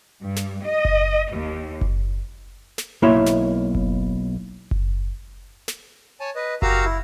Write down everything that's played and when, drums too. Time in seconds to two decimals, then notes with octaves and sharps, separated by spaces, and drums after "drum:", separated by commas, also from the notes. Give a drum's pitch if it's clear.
0.23 G2
0.36 drum: snare
0.65 D#5
0.85 drum: kick F#1
1.33 D#2
1.81 drum: kick F#1
2.78 drum: snare
3.02 B1 A#3 E4 C#5 E5 C6
3.26 drum: snare
3.75 drum: kick F#1
4.71 drum: kick F#1
5.68 drum: snare
6.20 C#5 G#5 A5
6.35 B4 D#5
6.62 F#4 G4 A#4 F5 A#5 E6, drum: kick F#1
6.85 E4